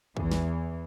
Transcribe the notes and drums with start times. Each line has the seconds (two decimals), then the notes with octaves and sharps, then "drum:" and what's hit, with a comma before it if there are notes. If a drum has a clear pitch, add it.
0.17 E2 E3, drum: kick
0.31 drum: snare